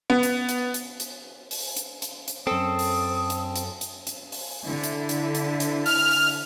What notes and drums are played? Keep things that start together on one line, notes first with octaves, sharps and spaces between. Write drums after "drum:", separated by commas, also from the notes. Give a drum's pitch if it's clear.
B3
drum: hi-hat
drum: hi-hat
drum: hi-hat
drum: hi-hat
drum: open hi-hat
drum: hi-hat
drum: hi-hat
drum: hi-hat
F#2 C4 A4 D#6
drum: open hi-hat
drum: hi-hat
drum: hi-hat
drum: hi-hat
drum: hi-hat
drum: open hi-hat
D3 E4
drum: hi-hat
drum: hi-hat
drum: hi-hat
drum: hi-hat
F6, drum: open hi-hat
drum: open hi-hat